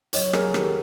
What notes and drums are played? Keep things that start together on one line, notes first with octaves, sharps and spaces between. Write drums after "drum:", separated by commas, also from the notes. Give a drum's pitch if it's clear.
F#3 C#5 D#5, drum: hi-hat
B3 G#4 A#4, drum: rim click
D#3 G4 A4, drum: rim click